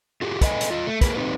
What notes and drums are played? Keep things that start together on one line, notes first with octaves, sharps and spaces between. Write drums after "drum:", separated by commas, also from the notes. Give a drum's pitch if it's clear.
F4 G4 G#4
A4 B4 D#5 E5 G5 G#5, drum: kick, hi-hat
drum: hi-hat
F4 D#5
A3
A#3 G#4 A#4 B4, drum: kick, hi-hat
C4 C#4 D#4 G4 B4